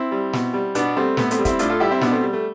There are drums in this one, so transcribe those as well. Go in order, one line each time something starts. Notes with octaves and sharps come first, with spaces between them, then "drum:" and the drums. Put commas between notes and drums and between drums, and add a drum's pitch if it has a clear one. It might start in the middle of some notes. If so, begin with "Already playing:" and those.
Already playing: C4 E4
G3
B2, drum: snare
G3
B2 B3 D4, drum: hi-hat
G3 A3 C4
A2 B3, drum: snare
A3 C4, drum: hi-hat
G3
C4 E4, drum: kick, hi-hat
A2 D4 F4, drum: hi-hat
F4 A4
G3 E4 G4
C4 E4
B2 B3 D4, drum: snare
A3 C4
G3
A3